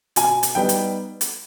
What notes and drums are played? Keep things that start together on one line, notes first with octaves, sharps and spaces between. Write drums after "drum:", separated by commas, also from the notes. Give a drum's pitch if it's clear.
B2 G#5, drum: hi-hat
drum: hi-hat
G3 B3 D#4 G5
drum: hi-hat
drum: hi-hat